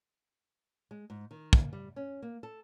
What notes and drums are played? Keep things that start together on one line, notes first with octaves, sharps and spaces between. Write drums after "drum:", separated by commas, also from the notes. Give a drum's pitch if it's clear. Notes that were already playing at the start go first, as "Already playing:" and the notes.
G#3
G#2
D#3
A#3, drum: kick
G3
C#4
A#3
A4